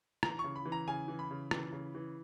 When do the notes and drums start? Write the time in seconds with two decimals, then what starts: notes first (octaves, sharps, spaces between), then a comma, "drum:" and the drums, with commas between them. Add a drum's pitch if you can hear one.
0.23 E3 A#5, drum: rim click
0.39 C#6
0.44 C#3
0.56 B5
0.66 E3
0.72 A#5
0.87 C#3 G#5
1.08 E3
1.19 B5
1.31 C#3
1.51 E3, drum: rim click
1.73 C#3
1.95 E3